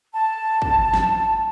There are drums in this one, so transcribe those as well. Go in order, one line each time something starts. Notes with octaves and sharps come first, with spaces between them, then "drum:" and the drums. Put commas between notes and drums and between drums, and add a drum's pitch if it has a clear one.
A5
drum: kick
drum: snare